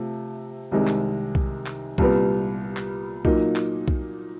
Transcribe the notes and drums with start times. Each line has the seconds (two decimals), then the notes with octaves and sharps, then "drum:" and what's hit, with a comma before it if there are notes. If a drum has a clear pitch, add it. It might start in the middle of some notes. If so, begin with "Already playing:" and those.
Already playing: C3 F3 A3
0.72 C2 C3 D#3 G#3
0.88 drum: clap
1.35 drum: kick B1
1.67 drum: clap
1.98 C2 A#2 G3 B3, drum: kick B1
2.77 drum: clap
3.25 A#2 F#3 A#3 D#4, drum: kick B1
3.56 drum: clap
3.88 drum: kick B1